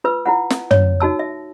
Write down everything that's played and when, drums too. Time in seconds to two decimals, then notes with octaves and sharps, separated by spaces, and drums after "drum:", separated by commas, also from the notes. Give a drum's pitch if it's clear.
0.04 F4 B4 E6
0.26 E4 F4 F#5
0.50 drum: snare
0.71 C#5, drum: tom
1.00 D#4 F#4 A5 E6
1.19 E5